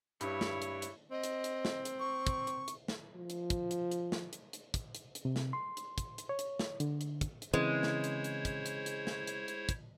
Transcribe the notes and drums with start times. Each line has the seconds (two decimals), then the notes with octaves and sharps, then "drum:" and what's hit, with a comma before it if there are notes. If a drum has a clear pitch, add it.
0.21 G2 E4 C#5, drum: hi-hat
0.41 drum: snare
0.62 drum: hi-hat
0.82 drum: hi-hat
1.11 C4 D#5
1.23 drum: hi-hat
1.44 drum: hi-hat
1.65 drum: snare
1.85 drum: hi-hat
2.00 C#6
2.27 drum: kick, hi-hat
2.47 drum: hi-hat
2.68 drum: hi-hat
2.88 drum: snare
3.16 F3
3.30 drum: hi-hat
3.50 drum: kick, hi-hat
3.71 drum: hi-hat
3.91 drum: hi-hat
4.12 drum: snare
4.33 drum: hi-hat
4.53 drum: hi-hat
4.74 drum: kick, hi-hat
4.95 drum: hi-hat
5.15 drum: hi-hat
5.25 C3
5.36 drum: snare
5.53 C6
5.77 drum: hi-hat
5.98 drum: kick, hi-hat
6.18 drum: hi-hat
6.29 C#5
6.39 drum: hi-hat
6.59 drum: snare
6.80 D3, drum: hi-hat
7.01 drum: hi-hat
7.21 drum: kick, hi-hat
7.42 drum: hi-hat
7.54 C#3 E3 G#3 C4 E4 C5 C#5
7.83 drum: snare
8.04 drum: hi-hat
8.24 drum: hi-hat
8.45 drum: kick, hi-hat
8.66 drum: hi-hat
8.86 drum: hi-hat
9.07 drum: snare
9.27 drum: hi-hat
9.48 drum: hi-hat
9.69 drum: kick, hi-hat